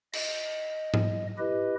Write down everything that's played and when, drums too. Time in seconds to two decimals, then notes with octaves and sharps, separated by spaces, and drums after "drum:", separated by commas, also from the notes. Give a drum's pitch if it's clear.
0.13 D#5, drum: cymbal
0.94 drum: tom G#2
1.38 E4 G4 B4 D#5